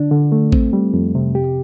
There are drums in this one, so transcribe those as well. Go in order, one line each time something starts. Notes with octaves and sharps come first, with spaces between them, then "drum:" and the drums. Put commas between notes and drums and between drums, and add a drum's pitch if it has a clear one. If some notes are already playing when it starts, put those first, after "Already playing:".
Already playing: D3 D4
D3
A3
C4, drum: kick A1
G3
F2
C3
G4